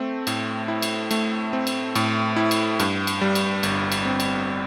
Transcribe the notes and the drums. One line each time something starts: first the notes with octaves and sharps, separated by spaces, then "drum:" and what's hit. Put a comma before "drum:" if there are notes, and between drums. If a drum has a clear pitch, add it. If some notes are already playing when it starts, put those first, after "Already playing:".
Already playing: A3 C4
A2, drum: cymbal
E4
drum: cymbal
A3, drum: cymbal
C4
drum: cymbal
A2, drum: cymbal
E4
drum: cymbal
G2, drum: cymbal
drum: cymbal
G3
drum: cymbal
G1, drum: cymbal
drum: cymbal
C4
drum: cymbal